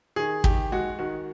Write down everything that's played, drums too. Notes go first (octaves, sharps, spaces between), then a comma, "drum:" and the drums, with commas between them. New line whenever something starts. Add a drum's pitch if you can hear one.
D#3 G#4
D#3 G4, drum: kick
G#3 F#4
D#3 F#4